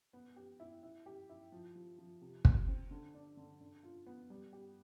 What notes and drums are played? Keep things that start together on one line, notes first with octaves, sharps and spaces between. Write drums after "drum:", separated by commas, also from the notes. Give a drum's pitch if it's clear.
B3
G4
E4
E4
G4
E4
F3
F3
F3
C3
C3, drum: kick
C4
D3
D4
D3
D3
F4
B3
G3
G4